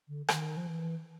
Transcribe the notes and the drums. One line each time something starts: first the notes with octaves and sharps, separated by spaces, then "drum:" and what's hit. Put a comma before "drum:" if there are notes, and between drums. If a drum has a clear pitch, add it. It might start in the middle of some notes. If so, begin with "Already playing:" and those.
D3
D#3, drum: rim click
F3
E3